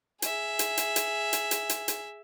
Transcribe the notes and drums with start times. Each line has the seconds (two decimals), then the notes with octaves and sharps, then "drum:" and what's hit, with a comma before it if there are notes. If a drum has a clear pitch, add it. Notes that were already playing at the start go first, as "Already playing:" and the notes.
0.22 G#4 E5, drum: hi-hat
0.59 drum: hi-hat
0.77 drum: hi-hat
0.96 drum: hi-hat
1.33 drum: hi-hat
1.51 drum: hi-hat
1.69 drum: hi-hat
1.88 drum: hi-hat